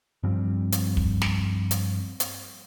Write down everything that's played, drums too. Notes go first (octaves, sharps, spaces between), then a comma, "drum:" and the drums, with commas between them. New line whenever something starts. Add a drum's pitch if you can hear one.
G2 F3 G3 C4
drum: hi-hat
drum: kick
drum: snare
drum: hi-hat
drum: hi-hat